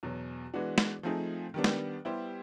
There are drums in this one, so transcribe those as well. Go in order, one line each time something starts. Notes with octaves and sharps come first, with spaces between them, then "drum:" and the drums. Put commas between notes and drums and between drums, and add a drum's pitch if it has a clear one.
E2 B2 F#3
E3 G#3 B3 D4 F#4
drum: snare
F3 A3 C4 D#4 G#4
D#3 G3 B3 D4
drum: snare
G3 B3 E4 G4 C5